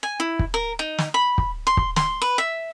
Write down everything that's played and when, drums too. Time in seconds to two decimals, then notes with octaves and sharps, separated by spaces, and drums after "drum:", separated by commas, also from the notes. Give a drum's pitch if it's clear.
0.03 G#5
0.20 E4
0.39 drum: kick
0.54 A#4
0.79 D#4
0.98 drum: snare
1.14 B5
1.38 drum: kick
1.67 C6
1.77 drum: kick
1.96 C6, drum: snare
2.22 B4
2.38 E5